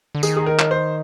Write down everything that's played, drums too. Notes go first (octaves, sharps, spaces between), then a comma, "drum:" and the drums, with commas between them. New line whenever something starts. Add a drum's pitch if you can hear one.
D3
D#3 G#4, drum: tambourine
G#4
A#4
drum: clap
C5